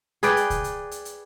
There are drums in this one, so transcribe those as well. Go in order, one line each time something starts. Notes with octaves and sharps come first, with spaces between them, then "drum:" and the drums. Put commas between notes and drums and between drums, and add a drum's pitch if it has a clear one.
G#4 B4 D5 G5, drum: hi-hat
drum: hi-hat
drum: kick C2, hi-hat
drum: hi-hat
drum: hi-hat
drum: hi-hat